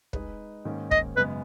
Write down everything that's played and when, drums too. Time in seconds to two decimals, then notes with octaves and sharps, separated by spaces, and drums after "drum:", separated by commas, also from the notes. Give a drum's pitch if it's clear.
0.13 G#3 D#4 G#4 B4, drum: kick
0.65 G#2 D#3 A#3 C#4
0.91 D#5, drum: kick
1.17 F#2 C#3 G#3 B3 B4